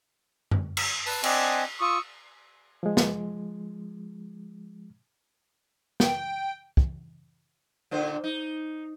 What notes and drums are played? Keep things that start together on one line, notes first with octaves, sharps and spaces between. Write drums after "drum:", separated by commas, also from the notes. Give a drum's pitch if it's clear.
drum: tom F#2
drum: cymbal
B4 A5, drum: open hi-hat
C4 D4 D5 D#5 F#5 G#5, drum: cymbal
F4 C#6 D#6 E6
F3 G#3
drum: snare
G5, drum: snare
drum: kick
A#2 D3 C5
D#4